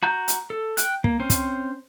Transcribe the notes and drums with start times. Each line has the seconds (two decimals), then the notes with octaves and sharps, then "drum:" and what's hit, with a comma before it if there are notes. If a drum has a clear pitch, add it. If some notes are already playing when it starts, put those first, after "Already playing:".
0.03 F#4 A#5 G6
0.28 drum: hi-hat
0.50 A4
0.77 G5 F#6, drum: hi-hat
1.04 A#3, drum: kick
1.20 C4 C#4 C5
1.30 drum: kick, hi-hat